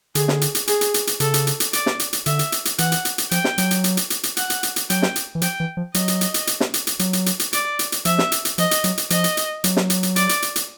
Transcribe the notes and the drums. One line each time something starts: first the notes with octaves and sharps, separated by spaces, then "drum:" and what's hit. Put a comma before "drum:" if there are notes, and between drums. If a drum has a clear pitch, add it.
D3 G#4, drum: hi-hat
drum: snare
drum: hi-hat
drum: hi-hat
G#4, drum: hi-hat
drum: hi-hat
drum: hi-hat
drum: hi-hat
C#3 A4, drum: hi-hat
drum: hi-hat
drum: hi-hat
drum: hi-hat
D5, drum: hi-hat
drum: snare
drum: hi-hat
drum: hi-hat
D3 E5, drum: hi-hat
drum: hi-hat
drum: hi-hat
drum: hi-hat
E3 F#5, drum: hi-hat
drum: hi-hat
drum: hi-hat
drum: hi-hat
F3 G5, drum: hi-hat
drum: snare
F#3, drum: hi-hat
drum: hi-hat
drum: hi-hat
drum: hi-hat
drum: hi-hat
drum: hi-hat
F#5, drum: hi-hat
drum: hi-hat
drum: hi-hat
drum: hi-hat
F#3 G5, drum: hi-hat
drum: snare
drum: hi-hat
E3
F3 G5, drum: hi-hat
E3
F3
F#3 D#5, drum: hi-hat
drum: hi-hat
drum: hi-hat
drum: hi-hat
drum: hi-hat
drum: snare
drum: hi-hat
drum: hi-hat
F#3, drum: hi-hat
drum: hi-hat
drum: hi-hat
drum: hi-hat
D5, drum: hi-hat
drum: hi-hat
drum: hi-hat
F3 E5, drum: hi-hat
drum: snare
drum: hi-hat
drum: hi-hat
F3 D#5, drum: hi-hat
drum: hi-hat
F#3, drum: hi-hat
drum: hi-hat
F3 D#5, drum: hi-hat
drum: hi-hat
drum: hi-hat
F#3, drum: hi-hat
drum: snare
drum: hi-hat
drum: hi-hat
D5, drum: hi-hat
drum: hi-hat
drum: hi-hat
drum: hi-hat